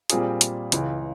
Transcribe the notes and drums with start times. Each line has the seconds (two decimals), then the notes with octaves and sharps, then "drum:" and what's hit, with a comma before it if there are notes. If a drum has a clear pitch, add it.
0.10 A#2 G3 C4 F4 G#4, drum: hi-hat
0.41 drum: hi-hat
0.72 C#2 C#3 E3, drum: hi-hat